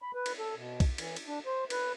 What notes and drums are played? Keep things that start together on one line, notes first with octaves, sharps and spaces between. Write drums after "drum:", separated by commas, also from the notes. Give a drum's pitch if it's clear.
B5
B4
drum: cymbal
A4
B2
drum: kick B1, cymbal
E3, drum: cymbal
drum: cymbal
D4
C5
B4, drum: cymbal